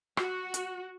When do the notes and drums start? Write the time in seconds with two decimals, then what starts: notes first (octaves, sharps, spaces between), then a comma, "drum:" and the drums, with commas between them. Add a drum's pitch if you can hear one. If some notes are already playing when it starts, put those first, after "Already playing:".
0.17 F#4, drum: rim click
0.54 drum: hi-hat